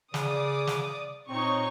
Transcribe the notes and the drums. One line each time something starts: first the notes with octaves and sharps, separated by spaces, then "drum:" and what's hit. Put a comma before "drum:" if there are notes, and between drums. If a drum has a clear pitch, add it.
C#3 D5 D6 D#6, drum: snare
drum: snare
A#2 C4 D#4 C#5 C#6